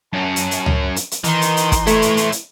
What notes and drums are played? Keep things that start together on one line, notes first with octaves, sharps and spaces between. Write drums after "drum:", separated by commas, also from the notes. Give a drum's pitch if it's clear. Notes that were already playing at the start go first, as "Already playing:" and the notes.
F#2 C#4 A5
drum: hi-hat
drum: hi-hat
drum: tom C#2
drum: hi-hat
drum: hi-hat
D#3 E3 D#4 C6, drum: hi-hat
drum: hi-hat
drum: hi-hat
drum: kick, hi-hat
A3 E4 C#5, drum: hi-hat
drum: hi-hat
drum: hi-hat
drum: hi-hat